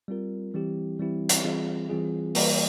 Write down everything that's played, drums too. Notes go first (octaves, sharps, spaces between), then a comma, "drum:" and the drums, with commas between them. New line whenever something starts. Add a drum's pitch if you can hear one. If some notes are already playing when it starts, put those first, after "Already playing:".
G3 C4 F4 A#4
E3 G3 C4 E4 G4
E3 G3 C4 E4 G4
drum: hi-hat
E3 G3 C4 F4 G#4
E3 G3 C4 F4 G#4
E3 G3 A#3, drum: open hi-hat